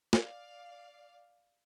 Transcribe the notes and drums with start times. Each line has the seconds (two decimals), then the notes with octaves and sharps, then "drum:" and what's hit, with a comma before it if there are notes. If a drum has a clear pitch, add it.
0.13 D5 F5, drum: snare